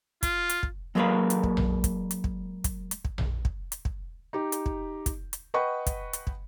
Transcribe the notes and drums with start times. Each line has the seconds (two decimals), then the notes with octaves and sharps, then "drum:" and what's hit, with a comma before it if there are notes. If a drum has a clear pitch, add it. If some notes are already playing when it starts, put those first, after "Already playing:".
0.23 F4, drum: kick, hi-hat
0.49 drum: hi-hat
0.63 drum: kick
0.95 F#3 G#3 A#3 G#4 A#4 B4
1.30 drum: hi-hat
1.43 drum: kick
1.57 drum: tom A#1
1.84 drum: kick, hi-hat
2.11 drum: hi-hat
2.24 drum: kick
2.64 drum: kick, hi-hat
2.91 drum: hi-hat
3.05 drum: kick
3.18 drum: tom A#1
3.45 drum: kick
3.72 drum: hi-hat
3.85 drum: kick
4.33 D#4 G4
4.52 drum: hi-hat
4.66 drum: kick
5.06 drum: kick, hi-hat
5.33 drum: hi-hat
5.54 B4 D#5 F#5 G5 B5 C#6
5.87 drum: kick, hi-hat
6.13 drum: hi-hat
6.27 drum: kick